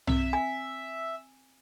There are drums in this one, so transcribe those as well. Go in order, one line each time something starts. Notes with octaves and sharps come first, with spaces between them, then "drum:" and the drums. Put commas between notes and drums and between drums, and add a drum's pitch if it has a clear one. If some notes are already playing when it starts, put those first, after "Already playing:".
C4 E5, drum: tom
G#5